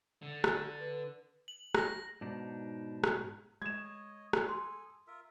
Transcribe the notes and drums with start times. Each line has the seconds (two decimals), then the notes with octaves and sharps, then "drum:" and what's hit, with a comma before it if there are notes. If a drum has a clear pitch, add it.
0.22 D3
0.44 drum: rim click
0.80 B4
1.48 F#7
1.75 A#6, drum: rim click
2.21 G#2 B2 D4 D#4
3.04 drum: rim click
3.62 G#3 C#5 D#5 G#6 E7
4.33 drum: rim click
4.48 G#4 A4 G#5 C6
5.07 F4 A#4 E5